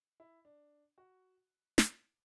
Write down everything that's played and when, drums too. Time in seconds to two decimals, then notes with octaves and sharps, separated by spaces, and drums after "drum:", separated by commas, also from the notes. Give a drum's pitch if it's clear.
0.20 E4
0.45 D4
0.98 F#4
1.78 drum: snare